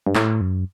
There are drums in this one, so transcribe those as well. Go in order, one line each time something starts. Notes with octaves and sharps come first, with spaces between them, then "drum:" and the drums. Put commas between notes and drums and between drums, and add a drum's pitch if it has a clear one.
G2
A2, drum: clap
F#2